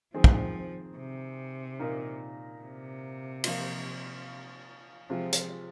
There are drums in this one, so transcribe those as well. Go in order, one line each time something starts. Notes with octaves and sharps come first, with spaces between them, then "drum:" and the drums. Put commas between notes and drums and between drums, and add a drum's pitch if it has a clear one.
D#3 F3 C4 G#4
drum: kick
C3
A#2 A#3 D#4 A#4
C3
F3 A#3 F4, drum: cymbal
C3 F3 G#3 C4 F4
drum: hi-hat